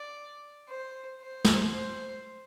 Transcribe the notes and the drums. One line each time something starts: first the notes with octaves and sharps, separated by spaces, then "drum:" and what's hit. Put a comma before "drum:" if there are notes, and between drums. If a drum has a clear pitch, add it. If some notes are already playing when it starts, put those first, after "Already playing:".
Already playing: D5
C5
C5
drum: snare
C5